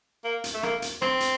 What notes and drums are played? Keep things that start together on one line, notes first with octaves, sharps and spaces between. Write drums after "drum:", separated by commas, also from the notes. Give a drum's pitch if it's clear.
A#3
drum: hi-hat
A3
A#3, drum: rim click
drum: hi-hat
C4, drum: rim click
drum: hi-hat